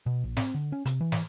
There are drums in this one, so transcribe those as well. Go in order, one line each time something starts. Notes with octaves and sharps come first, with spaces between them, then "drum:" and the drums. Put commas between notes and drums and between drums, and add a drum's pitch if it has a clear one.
B2
A#1
C4, drum: snare
D3
C#4
C3, drum: hi-hat
E3
drum: snare